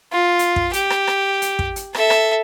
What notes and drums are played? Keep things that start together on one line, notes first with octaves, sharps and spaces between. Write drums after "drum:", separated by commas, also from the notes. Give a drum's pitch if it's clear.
F4
drum: hi-hat
drum: kick
G4, drum: hi-hat
drum: rim click
drum: rim click
drum: hi-hat
drum: kick
drum: hi-hat
A4 E5, drum: rim click
drum: rim click